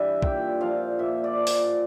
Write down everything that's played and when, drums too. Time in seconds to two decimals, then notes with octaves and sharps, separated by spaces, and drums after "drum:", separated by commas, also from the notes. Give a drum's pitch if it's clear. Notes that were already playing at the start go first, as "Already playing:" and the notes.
Already playing: G2 E3 D4 G4 E5
0.22 A#2 G5, drum: kick
0.61 F3 F5
0.99 A#2 E5
1.24 D5
1.37 F3
1.47 drum: open hi-hat